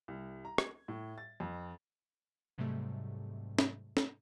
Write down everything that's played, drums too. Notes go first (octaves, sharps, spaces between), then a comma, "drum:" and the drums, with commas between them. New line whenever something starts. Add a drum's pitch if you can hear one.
C2
A#5
G#6, drum: rim click
A2
A6
F2
G#2 C3 F#3 G3 A3
drum: snare
drum: snare